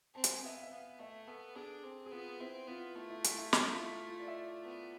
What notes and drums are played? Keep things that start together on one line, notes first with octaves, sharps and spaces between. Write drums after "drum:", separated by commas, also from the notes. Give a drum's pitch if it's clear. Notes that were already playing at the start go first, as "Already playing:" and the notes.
C4 A5
drum: hi-hat
G#5
B3 E5
F5
E5
B3 F5
A3 E5
B3 A4
D4 G#4
C4
G#4
B3 F4
C4 E4
B3 F4
A3 E4
E4
F4, drum: hi-hat
E4
E4, drum: snare
F4
E4
F4
D5
E5
D5
B3